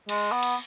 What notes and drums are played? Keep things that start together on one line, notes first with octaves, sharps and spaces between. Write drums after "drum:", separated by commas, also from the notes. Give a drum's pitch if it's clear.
G#3, drum: cymbal
B3
drum: cymbal